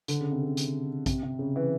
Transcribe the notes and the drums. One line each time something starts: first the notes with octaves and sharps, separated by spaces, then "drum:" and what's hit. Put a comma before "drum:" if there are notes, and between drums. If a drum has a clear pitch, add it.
D3, drum: hi-hat
C#3
C3
C#3
drum: hi-hat
C3, drum: kick, hi-hat
C3
C#3
E3